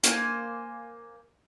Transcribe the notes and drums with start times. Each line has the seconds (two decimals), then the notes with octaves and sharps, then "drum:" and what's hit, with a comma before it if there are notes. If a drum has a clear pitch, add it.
0.03 A#3 C5 G#5, drum: hi-hat